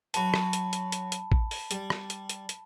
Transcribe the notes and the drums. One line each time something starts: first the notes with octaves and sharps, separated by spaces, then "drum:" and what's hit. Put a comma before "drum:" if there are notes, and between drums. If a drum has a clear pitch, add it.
F#3 F#4 B4 A5 B5, drum: hi-hat
drum: rim click
drum: hi-hat
drum: hi-hat
drum: hi-hat
drum: hi-hat
drum: kick A1
drum: open hi-hat
G3, drum: hi-hat
drum: rim click
drum: hi-hat
drum: hi-hat
drum: hi-hat